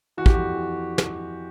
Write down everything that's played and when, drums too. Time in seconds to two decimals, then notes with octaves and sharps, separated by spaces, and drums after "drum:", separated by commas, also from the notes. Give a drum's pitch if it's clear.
0.17 E3 F#4
0.26 G4, drum: kick
0.34 F2 F#4
0.54 E3
0.98 drum: snare